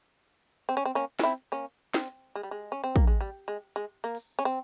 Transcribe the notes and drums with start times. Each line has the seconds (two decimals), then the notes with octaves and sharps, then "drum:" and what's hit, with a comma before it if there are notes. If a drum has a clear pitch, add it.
0.69 C4
0.77 C#4
0.85 C4
0.95 A#3 C#4
1.19 C#4, drum: snare
1.23 C4 E4
1.52 A#3 C#4
1.94 C4, drum: snare
2.35 G#3
2.43 G3
2.51 G#3
2.72 C#4
2.84 C4
2.96 A#3, drum: kick
3.07 G#3
3.21 G3
3.48 G#3
3.76 G#3
4.04 A#3
4.15 drum: open hi-hat
4.39 C#4
4.45 C4